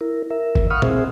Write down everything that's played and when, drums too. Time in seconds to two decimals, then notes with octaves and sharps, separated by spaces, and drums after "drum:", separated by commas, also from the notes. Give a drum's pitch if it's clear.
0.01 E4 A#4
0.30 A#4 E5
0.55 drum: kick
0.70 F5 F#5 B5 C#6 D#6 F6
0.82 C4 G#4 C5 E5, drum: tom A#2